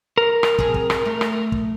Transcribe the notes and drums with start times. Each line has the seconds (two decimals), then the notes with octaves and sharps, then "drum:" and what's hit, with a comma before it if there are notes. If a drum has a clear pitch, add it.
0.18 A#4
0.43 drum: rim click
0.59 C4 G#4, drum: kick
0.74 drum: kick
0.90 drum: rim click
1.05 A3
1.21 drum: rim click
1.52 drum: kick